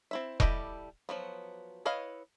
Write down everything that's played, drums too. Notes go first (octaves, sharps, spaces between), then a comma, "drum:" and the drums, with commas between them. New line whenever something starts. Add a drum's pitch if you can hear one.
C4 E4 E5
G3 E4 G4 A4 D#5, drum: kick E1
F3 F#3 B3
E4 B4 C#5 D#5 F5